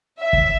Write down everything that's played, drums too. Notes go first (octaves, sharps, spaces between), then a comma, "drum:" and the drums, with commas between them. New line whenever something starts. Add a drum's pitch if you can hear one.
E5
drum: kick